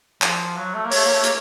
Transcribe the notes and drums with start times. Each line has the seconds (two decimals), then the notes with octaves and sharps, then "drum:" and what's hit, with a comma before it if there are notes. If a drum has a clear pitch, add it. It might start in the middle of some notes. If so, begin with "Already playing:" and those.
0.22 F3, drum: clap
0.57 F#3
0.74 A3
0.85 A#3
0.91 A3 C#5, drum: open hi-hat
1.04 A#3
1.13 A3
1.23 A#3, drum: hi-hat